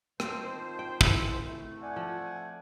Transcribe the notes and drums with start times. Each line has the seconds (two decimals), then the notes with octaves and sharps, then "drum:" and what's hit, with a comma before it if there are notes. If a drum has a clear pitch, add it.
0.20 D#3 F3 C4 C5, drum: rim click
0.79 G5
1.01 C4 E4, drum: kick
1.47 A3
1.81 D5 F#5 G#5
1.96 F3